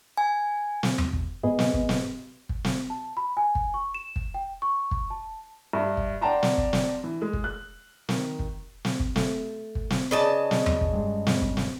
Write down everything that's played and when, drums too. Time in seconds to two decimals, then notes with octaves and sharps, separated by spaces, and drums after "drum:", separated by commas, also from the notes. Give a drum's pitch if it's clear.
0.17 G#5
0.83 drum: snare
0.98 drum: tom E2
1.13 drum: kick
1.43 G#2 B3 G#4 B4 D#5
1.59 drum: snare
1.74 drum: kick
1.89 drum: snare
2.49 drum: kick
2.64 drum: snare
2.90 A5
3.17 B5
3.37 G#5
3.55 drum: kick
3.74 C#6
3.95 E7
4.16 drum: kick
4.34 G5
4.62 C#6
4.91 drum: kick
5.10 A5
5.73 G2 E5
5.97 drum: kick
6.21 D4 F#5 G5 A5 A#5 C6
6.43 drum: snare
6.58 drum: kick
6.73 drum: snare
7.04 E3
7.22 G#3
7.33 drum: kick
7.44 F#6
8.09 D#3, drum: snare
8.39 drum: kick
8.85 drum: snare
9.00 drum: kick
9.16 A3, drum: snare
9.75 drum: kick
9.90 drum: snare
10.11 C#3 B4 D5 D#5 A5
10.51 drum: snare
10.66 drum: tom E2
10.81 drum: kick
10.93 G2 G#3
11.27 drum: snare
11.42 drum: kick
11.57 drum: snare